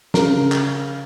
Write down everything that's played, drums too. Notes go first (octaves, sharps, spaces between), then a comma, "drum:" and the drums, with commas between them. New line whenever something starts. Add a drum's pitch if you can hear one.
C#3 A#4, drum: snare
drum: clap